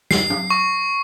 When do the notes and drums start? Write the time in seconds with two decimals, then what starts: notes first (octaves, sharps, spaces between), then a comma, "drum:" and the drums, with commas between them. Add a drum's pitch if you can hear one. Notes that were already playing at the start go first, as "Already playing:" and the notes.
0.11 C7, drum: snare
0.30 drum: tom
0.50 C#6